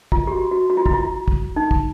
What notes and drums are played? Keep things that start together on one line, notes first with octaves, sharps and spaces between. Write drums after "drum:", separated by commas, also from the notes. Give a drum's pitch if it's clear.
F4, drum: kick
G4
F#4
F#4
F#4
F4
E4, drum: kick
F4
drum: kick
D#4
drum: kick